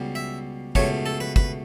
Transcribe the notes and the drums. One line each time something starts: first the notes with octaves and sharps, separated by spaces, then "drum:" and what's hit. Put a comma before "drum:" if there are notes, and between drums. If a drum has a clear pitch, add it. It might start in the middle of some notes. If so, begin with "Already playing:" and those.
Already playing: C#2 B2 G3
E5
C#2 B2 A3 C#5, drum: kick
A4
B4
B4, drum: kick